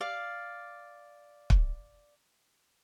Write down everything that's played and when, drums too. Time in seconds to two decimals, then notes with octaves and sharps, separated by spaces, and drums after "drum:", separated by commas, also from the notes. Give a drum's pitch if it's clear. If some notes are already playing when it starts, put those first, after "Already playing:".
0.01 D5 F5
1.50 drum: kick